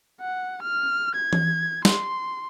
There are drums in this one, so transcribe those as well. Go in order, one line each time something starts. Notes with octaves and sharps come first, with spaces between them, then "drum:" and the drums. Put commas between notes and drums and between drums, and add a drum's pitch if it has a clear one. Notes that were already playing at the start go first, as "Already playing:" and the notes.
F#5
F6
G#6
drum: tom E3
C6, drum: snare